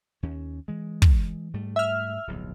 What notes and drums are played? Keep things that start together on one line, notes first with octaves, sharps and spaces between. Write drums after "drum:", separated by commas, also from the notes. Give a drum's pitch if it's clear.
D#2 C#4
E3 G#3
drum: kick
G#2 G3 A3
E5 F6
D1 B1 F2